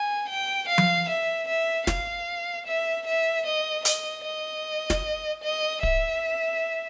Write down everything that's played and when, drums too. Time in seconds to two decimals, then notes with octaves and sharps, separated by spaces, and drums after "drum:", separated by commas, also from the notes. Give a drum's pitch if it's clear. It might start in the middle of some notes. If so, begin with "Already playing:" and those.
Already playing: G#5
0.28 G5
0.68 F5
0.78 drum: tom F3
1.09 E5
1.48 E5
1.87 F5, drum: snare
2.66 E5
3.06 E5
3.46 D#5
3.85 D#5, drum: hi-hat
4.25 D#5
4.90 drum: snare
5.43 D#5
5.83 E5, drum: kick D1